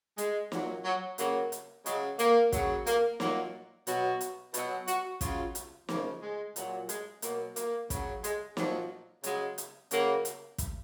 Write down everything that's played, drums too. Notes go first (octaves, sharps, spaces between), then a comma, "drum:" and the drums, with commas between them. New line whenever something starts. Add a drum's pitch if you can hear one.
G#3, drum: hi-hat
A#2 F#3, drum: snare
F#3
C#3 F#3 A#3, drum: hi-hat
drum: hi-hat
C#3 F#3 G#3, drum: hi-hat
A#3, drum: hi-hat
C#3 F#3, drum: kick, hi-hat
A#3, drum: hi-hat
A#2 F#3 A#3, drum: snare
B2 F#3 F#4, drum: hi-hat
drum: hi-hat
B2 F#3, drum: hi-hat
F#4, drum: hi-hat
C#3 F#3 F4, drum: kick, hi-hat
drum: hi-hat
C#3 F3 A#3, drum: snare
G#3
A#2 F#3, drum: hi-hat
G#3, drum: hi-hat
B2 F#3 A#3, drum: hi-hat
A#3, drum: hi-hat
C#3 F#3, drum: kick, hi-hat
G#3, drum: hi-hat
A#2 F3 F#3, drum: snare
C#3 F#3 G#3, drum: hi-hat
drum: hi-hat
C#3 F#3 A#3, drum: hi-hat
drum: hi-hat
drum: kick, hi-hat